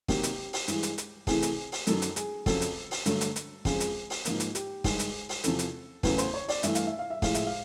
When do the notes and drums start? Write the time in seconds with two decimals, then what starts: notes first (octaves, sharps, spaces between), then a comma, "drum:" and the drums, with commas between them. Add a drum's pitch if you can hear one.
0.08 C3 D#3 F#3 A#3 G4, drum: kick, open hi-hat
0.23 drum: hi-hat
0.53 drum: open hi-hat
0.68 G2 E3 G#3, drum: hi-hat
0.83 drum: hi-hat
0.98 drum: hi-hat
1.27 C3 E3 A3 G#4, drum: kick, open hi-hat
1.42 drum: hi-hat
1.72 drum: open hi-hat
1.87 F#2 D#3 F#3 A4, drum: hi-hat
2.02 drum: hi-hat
2.16 G#4, drum: hi-hat
2.46 F2 C#3 F#3 A4, drum: kick, open hi-hat
2.61 drum: hi-hat
2.91 drum: open hi-hat
3.06 G2 D3 F#3 A3 A4, drum: hi-hat
3.21 drum: hi-hat
3.36 drum: hi-hat
3.65 F2 C#3 F3 G#3 G#4, drum: kick, open hi-hat
3.80 drum: hi-hat
4.10 drum: open hi-hat
4.25 G#2 F3 A#3, drum: hi-hat
4.40 drum: hi-hat
4.55 G4, drum: hi-hat
4.84 G2 D#3 G#3 G#4, drum: kick, open hi-hat
4.99 drum: hi-hat
5.29 drum: open hi-hat
5.44 E2 C3 F3 A4, drum: hi-hat
5.59 drum: hi-hat
6.03 E2 C#3 F#3 A3 B4, drum: kick, open hi-hat
6.18 C5, drum: hi-hat
6.34 C#5
6.49 D5, drum: open hi-hat
6.63 G2 E3 A3 E5, drum: hi-hat
6.75 F5, drum: hi-hat
6.87 E5
6.99 F5
7.10 E5
7.22 A2 F3 G#3 F5, drum: kick, open hi-hat
7.34 E5, drum: hi-hat
7.47 F5